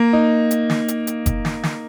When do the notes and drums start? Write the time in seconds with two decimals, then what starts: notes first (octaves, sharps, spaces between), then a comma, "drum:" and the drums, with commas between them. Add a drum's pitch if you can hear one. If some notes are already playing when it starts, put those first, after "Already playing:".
Already playing: A#3
0.13 D#4
0.51 drum: hi-hat
0.70 drum: snare
0.88 drum: hi-hat
1.07 drum: hi-hat
1.26 drum: kick F#1, hi-hat
1.45 drum: snare
1.63 drum: snare